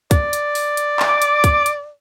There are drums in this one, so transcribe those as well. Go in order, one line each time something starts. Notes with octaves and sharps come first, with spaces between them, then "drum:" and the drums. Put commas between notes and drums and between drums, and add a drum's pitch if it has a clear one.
D5, drum: kick, hi-hat
drum: hi-hat
drum: open hi-hat
drum: hi-hat
drum: clap
D6
drum: hi-hat
drum: kick, hi-hat
drum: hi-hat